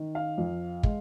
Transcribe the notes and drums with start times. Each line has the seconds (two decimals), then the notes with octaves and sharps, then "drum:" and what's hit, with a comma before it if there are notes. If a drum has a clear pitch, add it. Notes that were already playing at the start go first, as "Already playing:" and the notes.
Already playing: D#3
0.15 F5
0.38 F2
0.83 G#3, drum: kick